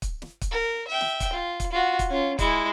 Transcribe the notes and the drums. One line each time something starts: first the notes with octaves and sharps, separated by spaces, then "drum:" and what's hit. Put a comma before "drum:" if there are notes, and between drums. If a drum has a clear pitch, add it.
drum: kick, hi-hat
drum: snare
drum: kick, hi-hat
A#4
E5 G5
drum: snare
drum: kick, hi-hat
F4
drum: kick, hi-hat
F4 F#4
drum: kick, hi-hat
C#4 F4
G#3 E4, drum: kick, hi-hat